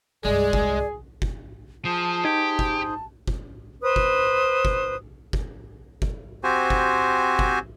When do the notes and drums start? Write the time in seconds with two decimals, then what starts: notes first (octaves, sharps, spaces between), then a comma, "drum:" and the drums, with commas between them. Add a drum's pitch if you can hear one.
0.25 C2 G2 G#3 G#4 D5
0.53 drum: kick F#1
1.22 drum: kick F#1
1.85 F3 G#4 C5 A5
2.25 D#4 G4 G#6
2.59 drum: kick F#1
3.28 drum: kick F#1
3.82 B4 C5 D#6
3.96 drum: kick F#1
4.65 drum: kick F#1
5.33 drum: kick F#1
6.02 drum: kick F#1
6.44 C4 F#4 G4 C5 G#5
6.70 drum: kick F#1
7.39 drum: kick F#1